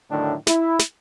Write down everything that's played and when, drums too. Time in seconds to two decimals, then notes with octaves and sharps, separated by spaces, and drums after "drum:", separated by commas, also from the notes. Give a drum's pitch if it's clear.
0.10 A2 D3 D#3 F#3 A3 D4
0.47 E4, drum: snare
0.79 drum: snare